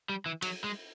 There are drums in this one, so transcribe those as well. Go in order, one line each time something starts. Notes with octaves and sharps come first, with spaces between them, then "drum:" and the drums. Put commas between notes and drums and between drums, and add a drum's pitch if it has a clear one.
G3
E3
F#3, drum: cymbal
G#3